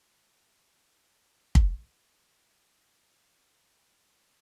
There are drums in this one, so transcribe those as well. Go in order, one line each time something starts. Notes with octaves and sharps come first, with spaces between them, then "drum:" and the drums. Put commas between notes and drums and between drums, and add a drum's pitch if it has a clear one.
A#2 F#3 F#4
G4
drum: kick
A#4
G2 D3 F#3 A4
D5
C5
D#5
D5
G2 F#3 A#4